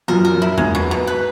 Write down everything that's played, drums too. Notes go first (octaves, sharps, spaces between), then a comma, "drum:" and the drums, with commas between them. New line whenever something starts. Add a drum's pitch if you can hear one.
F#2 A#2 A#4
A#4
F#2
E4
G#2 G#3, drum: tom E2
B2
B2
B4